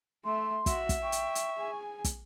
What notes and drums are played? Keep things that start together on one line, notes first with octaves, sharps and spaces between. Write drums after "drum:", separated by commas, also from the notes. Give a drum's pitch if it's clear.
A3 E5 C6
F#4 E5, drum: kick, hi-hat
drum: kick, hi-hat
G5 C#6
drum: hi-hat
drum: hi-hat
G#4 G#5
drum: kick, hi-hat